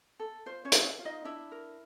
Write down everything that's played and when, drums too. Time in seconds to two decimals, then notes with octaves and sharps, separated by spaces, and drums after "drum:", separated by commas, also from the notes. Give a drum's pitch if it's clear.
0.20 A4
0.46 F4 C5
0.65 C#4 C#5
0.72 A4, drum: hi-hat
0.99 F4
1.05 D#4 D#5
1.25 D4 E4 E5
1.52 A#4